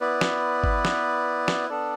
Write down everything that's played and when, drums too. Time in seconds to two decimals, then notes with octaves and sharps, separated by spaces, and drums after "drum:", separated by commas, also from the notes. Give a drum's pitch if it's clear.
0.01 B3 E4 B4 D5
0.21 drum: snare
0.64 drum: kick G#1
0.85 drum: snare
1.48 drum: snare
1.69 B3 D4 A4 D5